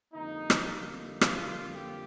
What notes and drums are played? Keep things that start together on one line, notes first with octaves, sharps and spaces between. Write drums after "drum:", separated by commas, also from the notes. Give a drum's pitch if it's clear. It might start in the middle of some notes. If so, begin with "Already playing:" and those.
F2 D3 G3 A#3 D#4
drum: rim click
F4, drum: rim click
G4